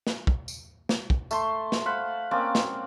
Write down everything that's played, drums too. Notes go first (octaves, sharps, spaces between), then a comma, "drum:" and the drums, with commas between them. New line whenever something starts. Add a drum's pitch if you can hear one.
drum: snare
drum: kick
drum: tambourine
drum: snare
drum: kick
A3 A5 C6, drum: tambourine
drum: snare
C5 F5 F#5 B5
A#3 C4 C#4 D5
drum: snare